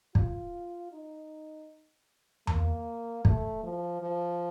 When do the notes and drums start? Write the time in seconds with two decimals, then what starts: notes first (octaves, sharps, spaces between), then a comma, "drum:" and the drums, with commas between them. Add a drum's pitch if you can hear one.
0.15 F4, drum: kick
0.92 D#4
2.47 A#3, drum: tom E2
3.25 A3, drum: kick
3.63 F3
4.02 F3